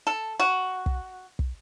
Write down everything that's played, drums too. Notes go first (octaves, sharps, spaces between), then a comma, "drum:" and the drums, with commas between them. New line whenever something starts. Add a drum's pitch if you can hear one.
A4
F#4
drum: kick
drum: kick